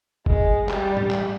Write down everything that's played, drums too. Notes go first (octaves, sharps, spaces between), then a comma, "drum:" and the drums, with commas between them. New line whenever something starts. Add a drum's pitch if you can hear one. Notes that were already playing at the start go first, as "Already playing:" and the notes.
G#3, drum: kick
G3, drum: clap
drum: tom G#2
drum: clap